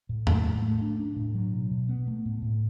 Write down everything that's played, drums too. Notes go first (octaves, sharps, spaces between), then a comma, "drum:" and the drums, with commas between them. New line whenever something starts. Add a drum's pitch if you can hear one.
A2
A3, drum: tom E2
A2
A3
D4
D4
A2
F#3
B2
B2
B3
A3
A2
A2